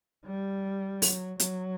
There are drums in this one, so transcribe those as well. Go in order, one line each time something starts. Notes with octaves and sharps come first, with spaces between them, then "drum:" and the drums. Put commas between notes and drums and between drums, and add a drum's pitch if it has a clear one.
G3
F#3, drum: open hi-hat
F#3, drum: hi-hat